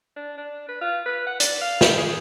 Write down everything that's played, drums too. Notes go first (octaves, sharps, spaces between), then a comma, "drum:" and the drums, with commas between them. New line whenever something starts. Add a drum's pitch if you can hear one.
D4
D4
B4
F4
B4
F#5
D5, drum: hi-hat
F5
G4, drum: snare
G#4